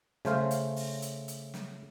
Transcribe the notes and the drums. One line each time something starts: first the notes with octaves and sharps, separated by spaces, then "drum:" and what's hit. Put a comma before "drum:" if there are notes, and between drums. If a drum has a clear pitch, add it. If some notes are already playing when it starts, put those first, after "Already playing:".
C#3 A3 C5 F5, drum: snare
drum: hi-hat
drum: open hi-hat
drum: hi-hat
drum: hi-hat
drum: snare